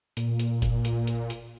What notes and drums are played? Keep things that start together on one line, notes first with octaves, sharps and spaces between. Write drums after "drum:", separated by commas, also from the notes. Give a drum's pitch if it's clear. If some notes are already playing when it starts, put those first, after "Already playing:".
A#2, drum: hi-hat
drum: hi-hat
drum: kick F#1, hi-hat
drum: hi-hat
drum: hi-hat
drum: hi-hat